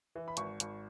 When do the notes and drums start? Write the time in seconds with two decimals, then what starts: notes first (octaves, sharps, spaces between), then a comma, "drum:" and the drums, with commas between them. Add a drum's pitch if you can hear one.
0.15 E3
0.28 B5
0.37 G#1 C#6, drum: hi-hat
0.60 G#1, drum: hi-hat